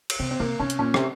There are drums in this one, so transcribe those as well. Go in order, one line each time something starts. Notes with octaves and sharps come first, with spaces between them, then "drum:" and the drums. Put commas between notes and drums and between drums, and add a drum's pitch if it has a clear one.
drum: cymbal
C3 C4
C4
C3 A#3
C3 C#4
drum: hi-hat
A#2 C#4
C3, drum: rim click